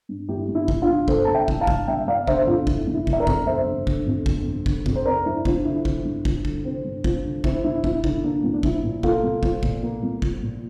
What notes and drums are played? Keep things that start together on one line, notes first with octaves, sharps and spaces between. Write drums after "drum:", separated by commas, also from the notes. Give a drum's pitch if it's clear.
G2
G1 E4 G4
G1
E4
E3, drum: kick
D4 F4
G2
G1 A4 C5, drum: kick
G1 A5
E5 G5
E3, drum: kick
F5 A5
G2, drum: kick
G1 E5 G5
G1 D5 F5
D3 C5 E5, drum: kick
F2 D4 F4
G1 E4, drum: kick
G1
E4
D3, drum: kick
E5
A#4 D5
F2, drum: kick
G1 C5 E5
G1
D3, drum: kick
F2
G1, drum: kick
G1
D3, drum: kick
F2, drum: kick
C5
C4 A#4 D5
G2 E4
F3 D4, drum: kick
D3 E4
C4, drum: kick
G2
F3, drum: kick
D3, drum: kick
C4
G2
F3, drum: kick
D3
C4 E4, drum: kick
G2 E4
F3 E4, drum: kick
D3 E4, drum: kick
A#3 D4
C2
D4
F3 E4, drum: kick
A#2
A#3 F4 A4, drum: kick
C2
F3, drum: kick
A#2, drum: kick
A#3
C2
F3, drum: kick
A#2